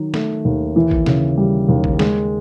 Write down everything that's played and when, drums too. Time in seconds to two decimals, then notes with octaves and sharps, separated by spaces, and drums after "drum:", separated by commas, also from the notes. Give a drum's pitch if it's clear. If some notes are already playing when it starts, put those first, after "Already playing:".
Already playing: D#3 F#3
0.14 A3, drum: snare
0.45 D#2
0.76 E3
0.91 drum: kick A1
1.06 C#3, drum: snare
1.37 G3
1.69 D#2
1.84 drum: kick A1
1.99 G#3, drum: snare